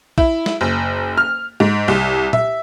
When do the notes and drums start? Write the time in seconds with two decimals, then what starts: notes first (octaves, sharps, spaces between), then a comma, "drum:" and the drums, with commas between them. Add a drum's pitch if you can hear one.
0.18 E4, drum: kick
0.46 drum: snare
0.61 F#1
1.17 F6
1.60 G#2
1.88 C2
2.33 E5, drum: tom A#2